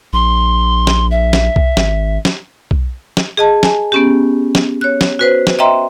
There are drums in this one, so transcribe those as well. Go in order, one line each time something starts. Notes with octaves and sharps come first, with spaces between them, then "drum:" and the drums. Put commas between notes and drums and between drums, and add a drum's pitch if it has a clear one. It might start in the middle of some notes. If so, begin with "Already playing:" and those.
A#1 C6
drum: snare
E5
drum: snare
drum: kick B1
G#1, drum: snare
drum: snare
drum: kick B1
drum: snare
G#4 D#5 A5
G#5, drum: snare
B3 C#4 G4
drum: snare
C#5 F#6
drum: snare
F#4 B4 C5
drum: snare
D#5 E5 G5 A#5 C6